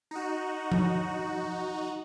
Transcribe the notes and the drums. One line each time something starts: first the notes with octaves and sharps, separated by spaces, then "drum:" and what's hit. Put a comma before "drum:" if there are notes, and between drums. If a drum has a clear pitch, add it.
D#4 F#4
drum: tom F3